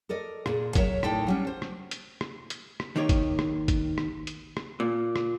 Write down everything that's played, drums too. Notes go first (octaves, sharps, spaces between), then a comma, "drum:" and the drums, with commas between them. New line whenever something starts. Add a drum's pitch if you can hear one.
A4 A#4 D5 D#5
A#2 G#4, drum: rim click
F#3 A#4 C#5 E5, drum: kick G1, hi-hat
A2 D#4 D5 G5 A5, drum: rim click
F#3 G3 C#4
C5
drum: rim click
drum: hi-hat
drum: rim click
drum: hi-hat
drum: rim click
D#3 A#3 D#4 G4 C#5
drum: kick G1, hi-hat
drum: rim click
drum: kick G1, hi-hat
drum: rim click
drum: hi-hat
drum: rim click
A#2
drum: rim click